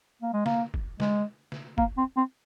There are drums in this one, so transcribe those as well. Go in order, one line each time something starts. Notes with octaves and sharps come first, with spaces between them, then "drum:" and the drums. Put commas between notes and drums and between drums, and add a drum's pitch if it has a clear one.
A#3
G#3
A#3, drum: snare
drum: kick
G#3, drum: snare
drum: snare
A#3, drum: kick
C4
C4